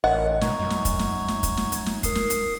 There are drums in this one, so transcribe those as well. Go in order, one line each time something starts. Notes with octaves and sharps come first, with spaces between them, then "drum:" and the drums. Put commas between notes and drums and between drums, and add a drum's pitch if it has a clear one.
A1 A#4 C#5 D#5 F#5
B2 A#5 C#6 G#6, drum: snare
F#2
drum: snare
drum: kick, hi-hat
drum: snare
drum: snare
drum: kick, hi-hat
drum: snare
drum: hi-hat
drum: snare
A#4 D#6 C7, drum: kick, hi-hat
drum: snare
drum: hi-hat